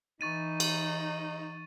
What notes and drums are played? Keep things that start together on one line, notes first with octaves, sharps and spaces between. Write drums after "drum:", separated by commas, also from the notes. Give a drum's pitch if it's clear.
E3 D#4 C#6 A6 D#7
drum: cymbal